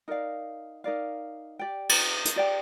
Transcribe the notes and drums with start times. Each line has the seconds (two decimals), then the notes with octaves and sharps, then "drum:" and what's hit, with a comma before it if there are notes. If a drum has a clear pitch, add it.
0.08 D#4 A#4 D5 F5
0.84 D#4 A#4 D5 F5
1.59 G4 D5 G5
1.89 drum: cymbal
2.25 drum: hi-hat
2.36 G4 D5 G5